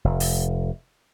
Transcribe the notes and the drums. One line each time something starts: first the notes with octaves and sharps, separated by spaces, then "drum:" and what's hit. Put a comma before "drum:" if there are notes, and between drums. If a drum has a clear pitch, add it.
F1
drum: open hi-hat